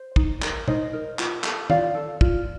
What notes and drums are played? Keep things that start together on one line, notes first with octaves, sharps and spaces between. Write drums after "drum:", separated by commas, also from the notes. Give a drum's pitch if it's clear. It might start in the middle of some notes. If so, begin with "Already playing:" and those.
Already playing: C5
D#4, drum: kick
A#4, drum: clap
D#4 C5 D#5, drum: tom B2
A#4
F4, drum: clap
A4, drum: clap
F4 D5 F5, drum: tom
A4
F4, drum: kick